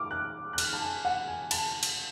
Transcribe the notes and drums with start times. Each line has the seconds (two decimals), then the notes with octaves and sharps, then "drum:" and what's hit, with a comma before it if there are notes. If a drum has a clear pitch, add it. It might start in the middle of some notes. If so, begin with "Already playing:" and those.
Already playing: D6 F6
0.11 F#6
0.53 F#6
0.58 F6, drum: cymbal
0.73 A5
0.81 G#5
1.05 F#5
1.28 G#5
1.51 A5, drum: cymbal
1.83 drum: cymbal